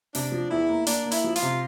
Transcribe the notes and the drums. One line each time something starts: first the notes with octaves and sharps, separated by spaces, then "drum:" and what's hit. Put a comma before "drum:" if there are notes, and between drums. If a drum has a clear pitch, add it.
C3 D4, drum: open hi-hat
F3
E2 E4
A#3
A#3 D4, drum: hi-hat
A#3
E4, drum: hi-hat
F3
F4, drum: hi-hat
C3